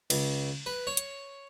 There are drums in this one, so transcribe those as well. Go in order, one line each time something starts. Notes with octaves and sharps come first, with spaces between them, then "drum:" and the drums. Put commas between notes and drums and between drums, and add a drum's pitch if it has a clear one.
C#2, drum: cymbal
B4
C#5
drum: hi-hat